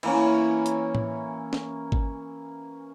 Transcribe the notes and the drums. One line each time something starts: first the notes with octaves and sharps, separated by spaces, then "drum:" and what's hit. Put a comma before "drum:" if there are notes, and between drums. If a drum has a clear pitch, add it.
E3 A#3 C#4, drum: cymbal
drum: hi-hat
drum: tom A2
drum: snare
drum: kick G#1